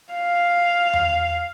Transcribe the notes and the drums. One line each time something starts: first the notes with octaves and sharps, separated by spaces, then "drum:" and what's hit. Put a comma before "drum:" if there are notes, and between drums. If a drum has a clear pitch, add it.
F5
drum: tom E2